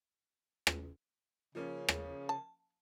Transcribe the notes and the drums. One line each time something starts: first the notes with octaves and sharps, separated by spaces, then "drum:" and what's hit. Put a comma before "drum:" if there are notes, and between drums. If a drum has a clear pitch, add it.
drum: rim click
C#3 F3 A#3 C#4
drum: rim click
A5